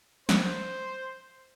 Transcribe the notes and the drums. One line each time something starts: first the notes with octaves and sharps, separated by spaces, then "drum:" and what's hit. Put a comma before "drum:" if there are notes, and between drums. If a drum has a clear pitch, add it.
C5, drum: snare